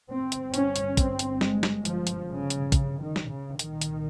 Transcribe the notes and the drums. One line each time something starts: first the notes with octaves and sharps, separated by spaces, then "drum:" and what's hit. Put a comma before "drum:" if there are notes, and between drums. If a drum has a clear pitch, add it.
G1 G2 C4
drum: hi-hat
C#4, drum: hi-hat
drum: hi-hat
C4, drum: kick, hi-hat
drum: hi-hat
G#3, drum: snare
drum: snare
F3, drum: hi-hat
drum: hi-hat
C#3
drum: hi-hat
C#3, drum: kick, hi-hat
D#3
drum: snare
C#3
C2 A#2 D#3, drum: hi-hat
drum: hi-hat